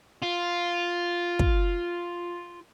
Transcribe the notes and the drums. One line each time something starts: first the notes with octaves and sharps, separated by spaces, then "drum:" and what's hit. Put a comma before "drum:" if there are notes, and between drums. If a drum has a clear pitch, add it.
F4
drum: kick